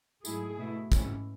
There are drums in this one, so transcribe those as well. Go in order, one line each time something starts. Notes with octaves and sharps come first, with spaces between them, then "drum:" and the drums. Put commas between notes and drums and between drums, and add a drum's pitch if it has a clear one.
G#2 F#3 A3 E4 G#4, drum: tambourine
B2 A3 E4
G#2 E3 A3 C#4 E4, drum: kick, tambourine